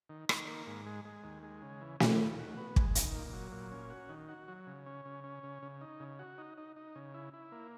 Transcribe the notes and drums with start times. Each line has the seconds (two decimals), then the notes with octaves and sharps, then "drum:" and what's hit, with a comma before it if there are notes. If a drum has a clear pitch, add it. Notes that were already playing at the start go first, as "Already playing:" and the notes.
0.10 D#3
0.29 D#3, drum: rim click
0.48 A#3
0.67 G#2
0.86 G#3
1.05 G#3
1.24 D#2
1.43 G#3
1.62 C#3
1.81 E3
2.00 E3, drum: snare
2.19 D#2
2.38 F#4
2.57 B3
2.76 G#3, drum: kick
2.95 D#3, drum: hi-hat
3.15 A#2
3.33 F#3
3.52 A#2
3.72 C#4
3.90 F#4
4.09 D#3
4.29 F#4
4.48 F#3
4.67 C#3
4.86 C#4
5.05 C#3
5.24 C#4
5.43 C#3
5.62 C#3
5.81 D#4
6.00 C#3
6.19 F#4
6.38 D#4
6.58 D#4
6.76 D#4
6.95 C#3
7.14 E4
7.34 E4
7.52 A#3